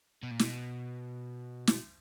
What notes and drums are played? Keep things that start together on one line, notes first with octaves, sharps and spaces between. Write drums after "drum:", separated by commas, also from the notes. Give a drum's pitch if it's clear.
B2
A#2
B2, drum: snare
drum: snare